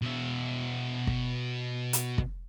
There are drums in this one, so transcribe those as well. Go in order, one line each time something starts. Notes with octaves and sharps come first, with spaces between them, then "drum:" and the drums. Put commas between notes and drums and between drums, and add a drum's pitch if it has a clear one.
B2 E5
drum: kick
drum: hi-hat
drum: kick